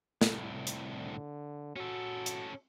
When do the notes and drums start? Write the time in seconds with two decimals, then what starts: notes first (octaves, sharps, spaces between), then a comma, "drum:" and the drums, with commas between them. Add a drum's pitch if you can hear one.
0.21 C2 A2, drum: snare
0.67 drum: hi-hat
0.99 D3
1.76 C#4 F#4 A4
2.26 drum: hi-hat